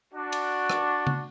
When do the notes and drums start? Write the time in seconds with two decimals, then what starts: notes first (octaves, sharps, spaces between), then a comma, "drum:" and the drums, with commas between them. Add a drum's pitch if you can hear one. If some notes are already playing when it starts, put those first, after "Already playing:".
0.14 D4 F#4
0.32 drum: cymbal
0.70 drum: rim click
1.07 drum: tom C#3